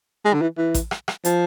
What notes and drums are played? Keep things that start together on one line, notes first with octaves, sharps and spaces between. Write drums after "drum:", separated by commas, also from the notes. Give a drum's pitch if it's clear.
G#3
D3
E3
E3
drum: kick A1, hi-hat
drum: rim click
drum: rim click
F3, drum: hi-hat